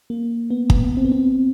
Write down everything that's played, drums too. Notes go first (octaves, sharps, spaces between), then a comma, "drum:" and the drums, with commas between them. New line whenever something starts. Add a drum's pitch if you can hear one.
A#3
B3
B3, drum: kick
C4
B3
C4